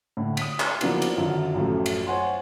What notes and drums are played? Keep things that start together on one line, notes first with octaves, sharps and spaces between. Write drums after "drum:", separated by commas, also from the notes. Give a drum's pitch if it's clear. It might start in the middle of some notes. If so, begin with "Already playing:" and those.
A2 D3
D#6 B6, drum: cymbal
drum: clap
F3 F#3 A#3 B3 D4 E4, drum: cymbal
drum: cymbal
F#2 D3 D#3 F4
A1 F#2 F3 A3
drum: cymbal
C5 C#5 F#5 G#5 C6